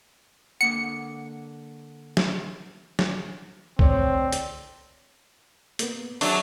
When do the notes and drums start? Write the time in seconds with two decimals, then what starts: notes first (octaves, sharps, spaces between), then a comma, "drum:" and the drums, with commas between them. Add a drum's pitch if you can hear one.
0.61 D3 A#3 F#5 C#7
2.17 drum: snare
2.99 drum: snare
3.79 D2 C4 C#5 D5, drum: kick C2
4.32 drum: hi-hat
5.79 A#3 B3, drum: hi-hat
6.21 F#3 D4 G#4 E5 C#6, drum: open hi-hat